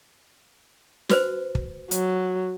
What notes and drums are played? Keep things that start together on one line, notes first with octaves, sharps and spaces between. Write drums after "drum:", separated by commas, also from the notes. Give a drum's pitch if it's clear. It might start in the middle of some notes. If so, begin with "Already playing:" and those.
F#4 B4 C5, drum: snare
drum: kick
F#3, drum: hi-hat